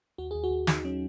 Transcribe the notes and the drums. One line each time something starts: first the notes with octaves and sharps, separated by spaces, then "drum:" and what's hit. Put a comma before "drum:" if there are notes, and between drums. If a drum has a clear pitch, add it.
D#2 F#4
G#4
D#2
F#4
D#2
D#2 D#4, drum: snare
F#3 C#4